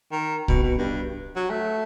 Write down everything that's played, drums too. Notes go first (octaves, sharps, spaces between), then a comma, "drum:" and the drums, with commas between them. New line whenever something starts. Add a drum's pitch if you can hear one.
D#3
B2, drum: kick
B2
G2
F#3
A3